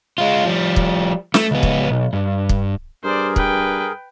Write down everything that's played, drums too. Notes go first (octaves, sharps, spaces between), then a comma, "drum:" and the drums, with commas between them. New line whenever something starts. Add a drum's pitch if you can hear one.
G#3 F4
F3 G3
drum: kick
A3, drum: snare
C#2 B3
drum: kick
B1
G2
drum: kick
G2 G#4 A#4 C5 D5
B4 G5, drum: kick